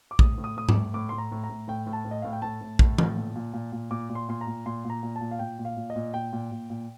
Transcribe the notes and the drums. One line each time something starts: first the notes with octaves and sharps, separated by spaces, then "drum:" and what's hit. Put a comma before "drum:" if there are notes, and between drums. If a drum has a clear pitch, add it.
D6
A2 D#6, drum: kick A#1
A2
D#6
A2 D#6
D6, drum: tom G#2
A2
A2 D6
A2 C6
A#5
A2
A#5
A2
A2 G5
A2
A5
A2
D#5
A2 F5
G5
A2 A5
A2
A2, drum: kick A#1
A2, drum: tom E3
A#2
A#2
A#2
A#2
A#2 D6
A#2
C6
A#2 C6
A#5
A#2
A#2 C6
A#2 A#5
A#2
A5
A#2
F5
A#2 G5
A#2
F5
A#2
D#5
A#2
A#2 G5
A#2
A#2
A#2